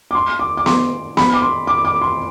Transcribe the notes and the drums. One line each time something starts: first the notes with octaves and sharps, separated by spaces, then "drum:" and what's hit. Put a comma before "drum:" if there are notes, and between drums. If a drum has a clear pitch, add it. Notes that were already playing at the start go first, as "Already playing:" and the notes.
D6
C6
D6
D6
C6, drum: snare B3
B5, drum: snare B3
D6
C6
D6
D6
C6